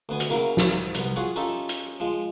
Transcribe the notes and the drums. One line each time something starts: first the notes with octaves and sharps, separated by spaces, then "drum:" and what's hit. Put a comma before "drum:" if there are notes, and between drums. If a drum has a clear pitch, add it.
D2 B3 G#5
drum: hi-hat
C#3 F#3 A#3 E4 A#4 C#6
drum: snare
C2 B3, drum: hi-hat
F4 F#4 G#4 C#5 F#5
C#4 D#4 F4 G4 A4 E5
drum: hi-hat
F3 G#3